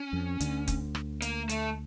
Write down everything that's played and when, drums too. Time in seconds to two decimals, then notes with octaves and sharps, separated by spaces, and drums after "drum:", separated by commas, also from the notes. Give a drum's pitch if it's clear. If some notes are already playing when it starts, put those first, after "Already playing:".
Already playing: C#4
0.13 F2
0.40 D2 D3, drum: hi-hat
0.68 drum: kick, hi-hat
0.95 drum: rim click
1.22 A#3, drum: hi-hat
1.49 A3, drum: hi-hat